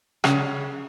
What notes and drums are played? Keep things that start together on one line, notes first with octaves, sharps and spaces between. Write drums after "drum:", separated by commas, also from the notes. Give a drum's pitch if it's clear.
C#3, drum: rim click